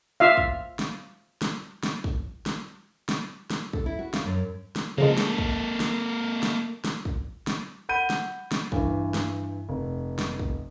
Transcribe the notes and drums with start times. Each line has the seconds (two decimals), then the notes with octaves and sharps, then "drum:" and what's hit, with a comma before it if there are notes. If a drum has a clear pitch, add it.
0.20 F4 E5 F5
0.37 drum: kick
0.79 drum: snare
1.42 drum: snare
1.83 drum: snare
2.04 drum: kick
2.46 drum: snare
3.09 drum: snare
3.50 drum: snare
3.73 A4, drum: kick
3.86 E4
3.99 F#4
4.14 F5, drum: snare
4.25 F#2
4.76 drum: snare
4.98 C#3 F3 G#3 A#3 A4
5.17 drum: snare
5.38 drum: kick
5.80 drum: snare
6.43 drum: snare
6.84 drum: snare
7.05 drum: kick
7.47 drum: snare
7.89 F#5 B5 G6 D#7
8.10 drum: snare
8.52 drum: snare
8.72 G2 E3, drum: kick
9.14 drum: snare
9.69 F1
10.19 drum: snare
10.39 drum: kick